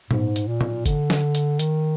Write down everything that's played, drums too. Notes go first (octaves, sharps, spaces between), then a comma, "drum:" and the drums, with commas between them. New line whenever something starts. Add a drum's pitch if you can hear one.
G#2, drum: tom A#2
drum: hi-hat
A#2
drum: tom A#2
D3, drum: kick F#1, hi-hat
drum: snare
drum: hi-hat
D#3, drum: hi-hat